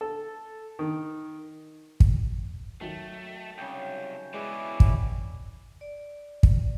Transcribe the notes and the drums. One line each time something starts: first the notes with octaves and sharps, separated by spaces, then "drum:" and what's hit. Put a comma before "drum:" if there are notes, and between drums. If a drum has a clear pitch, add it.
A4
D#3
drum: kick
D#3 F#3 A3 A5
C2 C#3 G5
B2 E3 G#3 C#4 E4 B4 D5
drum: kick
D5
drum: kick